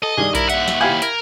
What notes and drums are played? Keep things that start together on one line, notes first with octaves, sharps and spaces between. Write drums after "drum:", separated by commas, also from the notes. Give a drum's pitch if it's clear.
A4 D#5
G2 D#3 D4 G#4
E4 A#4, drum: kick A#1, hi-hat
D#2 E5 F#5, drum: hi-hat
drum: snare
E4 G4 F5 G#5
A#4, drum: hi-hat